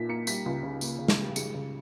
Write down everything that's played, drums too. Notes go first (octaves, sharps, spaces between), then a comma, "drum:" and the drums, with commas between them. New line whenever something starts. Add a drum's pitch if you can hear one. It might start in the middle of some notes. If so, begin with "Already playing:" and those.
Already playing: A#2 B6
A#3 C#7
G3 B6, drum: tambourine
C#2
C#3
A#3, drum: tambourine
C#3
drum: snare
G3
G#3 C#7, drum: tambourine
C#3